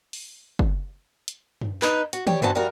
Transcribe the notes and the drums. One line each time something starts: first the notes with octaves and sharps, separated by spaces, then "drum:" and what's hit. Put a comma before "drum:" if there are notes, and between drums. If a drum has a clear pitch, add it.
drum: open hi-hat
drum: kick
drum: hi-hat
drum: tom F#2
D#4 B4, drum: clap
F#4, drum: hi-hat
G3 G4 C#5, drum: tom
D3 E3 B3 C4 F#4 A5, drum: tom F#2
F3 G3 E4 F#4 A#4